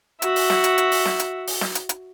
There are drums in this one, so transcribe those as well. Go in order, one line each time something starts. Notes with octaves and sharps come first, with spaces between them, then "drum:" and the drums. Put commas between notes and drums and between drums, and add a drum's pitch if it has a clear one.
F#4 E5, drum: hi-hat
drum: open hi-hat
drum: snare
drum: hi-hat
drum: hi-hat
drum: open hi-hat
drum: snare
drum: hi-hat
drum: open hi-hat
drum: snare
drum: hi-hat
drum: hi-hat